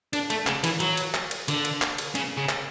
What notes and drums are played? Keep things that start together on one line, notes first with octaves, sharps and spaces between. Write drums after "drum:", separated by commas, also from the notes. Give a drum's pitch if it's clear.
D4, drum: cymbal
A3, drum: cymbal
C#3, drum: clap
E3, drum: cymbal
F#3, drum: cymbal
drum: cymbal
drum: clap
drum: cymbal
D3, drum: cymbal
drum: cymbal
drum: clap
drum: cymbal
C#3, drum: cymbal
C#3
drum: clap